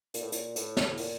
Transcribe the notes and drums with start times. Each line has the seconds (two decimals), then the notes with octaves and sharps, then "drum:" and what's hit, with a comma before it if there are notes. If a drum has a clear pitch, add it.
0.14 A#2, drum: hi-hat
0.22 A2
0.32 A#2, drum: hi-hat
0.56 A2, drum: hi-hat
0.77 drum: snare
0.97 A#2, drum: open hi-hat